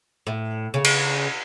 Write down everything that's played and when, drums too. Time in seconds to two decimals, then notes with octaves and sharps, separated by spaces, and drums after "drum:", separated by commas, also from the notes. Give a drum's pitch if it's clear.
0.27 A2
0.74 C#3
0.85 drum: cymbal